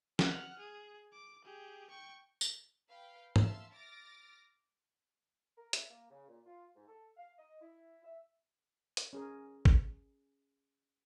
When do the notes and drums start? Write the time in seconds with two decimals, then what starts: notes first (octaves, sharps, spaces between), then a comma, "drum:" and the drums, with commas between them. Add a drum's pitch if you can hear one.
0.19 F#5 F6, drum: snare
0.58 G#4
1.13 D6
1.45 G4 G#4
1.90 G5 C#6
2.41 drum: tambourine
2.88 B4 F5 G5
3.36 E5 F5 A5 C6 E6 F6, drum: tom G#2
3.73 D6 F6 A6 A#6 D7
5.57 A#4
5.73 E5, drum: hi-hat
5.89 A#3
6.10 C#3
6.28 A#2
6.45 F4
6.76 G#2
6.87 A4
7.17 F5
7.39 D#5
7.61 E4
8.04 E5
8.97 drum: hi-hat
9.13 C#4 G#4 A#4
9.65 drum: kick G#1